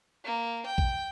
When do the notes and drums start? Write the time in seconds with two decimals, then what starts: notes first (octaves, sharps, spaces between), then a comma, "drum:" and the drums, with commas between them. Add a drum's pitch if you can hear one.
0.25 A#3
0.66 G5
0.78 drum: kick A1